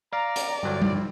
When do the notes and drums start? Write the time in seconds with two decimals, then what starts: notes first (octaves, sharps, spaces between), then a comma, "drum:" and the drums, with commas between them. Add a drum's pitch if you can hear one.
0.13 D5 F5 A#5
0.36 drum: hi-hat
0.63 G2 D3 F#3 C4 E4 F4
0.82 drum: tom G3